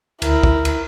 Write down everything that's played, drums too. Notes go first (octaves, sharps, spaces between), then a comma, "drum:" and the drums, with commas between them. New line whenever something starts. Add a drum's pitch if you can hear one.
D2 E4 A#4, drum: cymbal
drum: kick
drum: cymbal